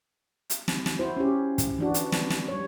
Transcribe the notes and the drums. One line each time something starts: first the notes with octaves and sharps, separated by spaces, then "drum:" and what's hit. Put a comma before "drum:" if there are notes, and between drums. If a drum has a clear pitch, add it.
drum: hi-hat
drum: snare
drum: snare
E4 F#4 C5
C#4 G4
drum: kick, hi-hat
E3 D4 F#4
drum: hi-hat
drum: snare
drum: snare
G3 C#5